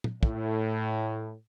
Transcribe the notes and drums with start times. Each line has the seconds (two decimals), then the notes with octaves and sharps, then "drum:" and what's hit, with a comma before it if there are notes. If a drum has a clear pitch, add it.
0.04 drum: tom
0.23 A2, drum: kick